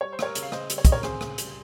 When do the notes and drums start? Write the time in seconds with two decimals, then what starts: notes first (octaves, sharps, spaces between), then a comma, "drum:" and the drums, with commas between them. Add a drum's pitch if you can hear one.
0.01 G3 C#5
0.13 C5
0.19 G3 A#4 C#5, drum: rim click
0.35 C#3, drum: hi-hat
0.43 F5
0.52 C#3 C5 D#5, drum: rim click
0.70 G3, drum: hi-hat
0.78 C#5
0.85 C#3 D#5, drum: kick, hi-hat
0.92 A#4 C#5
1.03 C4 G#4 C5, drum: rim click
1.21 C#3, drum: rim click
1.38 G3, drum: hi-hat